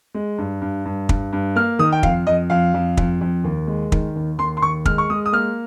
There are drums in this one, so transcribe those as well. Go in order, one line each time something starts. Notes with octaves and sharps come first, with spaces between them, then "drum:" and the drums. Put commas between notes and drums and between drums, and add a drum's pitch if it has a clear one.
G#3
G2
G2
G2
G2, drum: kick
G2
A#3 F6
D#3 D#6
G5
F2 F5, drum: kick
F2 D#5
F2 F5
F2
F2, drum: kick
F2
D#2
G#3
D#3, drum: kick
D#2
D#2 C6
C6
D#2 C#6
G#3 F6, drum: kick
C#6
G#3 D#6
D#6
A#3 F6